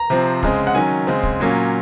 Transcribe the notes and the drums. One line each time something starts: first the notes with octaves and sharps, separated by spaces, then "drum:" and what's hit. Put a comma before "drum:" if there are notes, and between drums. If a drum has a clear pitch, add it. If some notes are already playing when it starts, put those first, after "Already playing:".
Already playing: A#5
C3 F3 C4
C#3 G#3 C4, drum: kick
F#5
D#3 F#3 C#4 G#5
C#3 G#3 C4
drum: kick
A#2 F#3 A#3 C#4